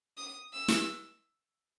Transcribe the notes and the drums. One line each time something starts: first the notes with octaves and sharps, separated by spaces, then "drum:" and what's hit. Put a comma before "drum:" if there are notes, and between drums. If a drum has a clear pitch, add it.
D#6
E6
drum: snare